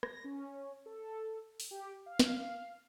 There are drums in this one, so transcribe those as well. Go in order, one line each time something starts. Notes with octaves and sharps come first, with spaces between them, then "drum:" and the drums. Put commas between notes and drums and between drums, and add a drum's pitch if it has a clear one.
A#6, drum: rim click
C#4
A4
drum: open hi-hat
G4
F5
drum: snare